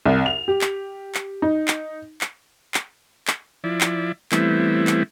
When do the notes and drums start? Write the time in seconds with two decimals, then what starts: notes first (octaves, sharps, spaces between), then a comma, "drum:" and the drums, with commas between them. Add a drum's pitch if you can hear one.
0.06 C2
0.26 F7
0.48 G4
0.61 drum: clap
1.15 drum: clap
1.42 D#4
1.68 drum: clap
2.21 drum: clap
2.74 drum: clap
3.28 drum: clap
3.64 F3 E4 D5
3.81 drum: clap
4.32 E3 G3 A3 B3 C4 E4, drum: clap
4.87 drum: clap